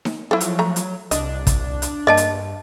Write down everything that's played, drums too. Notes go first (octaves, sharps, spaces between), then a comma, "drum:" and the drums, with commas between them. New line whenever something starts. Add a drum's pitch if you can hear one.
drum: snare D#4
F3 F#3 E4 A4
drum: hi-hat
A3 A#5
drum: hi-hat
C2 D4 D#5, drum: hi-hat
drum: kick, hi-hat
drum: hi-hat
G2 A#3 D5 D#5 A5
drum: hi-hat